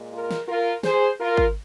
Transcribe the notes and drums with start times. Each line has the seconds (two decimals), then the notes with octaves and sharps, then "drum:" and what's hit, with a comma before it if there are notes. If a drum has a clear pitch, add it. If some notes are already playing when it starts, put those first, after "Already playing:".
Already playing: A#2 G#3
0.12 F4 A#4
0.31 drum: snare
0.48 F4 A#4
0.83 G#4 C5, drum: snare
1.20 F4 A#4
1.37 drum: kick G#1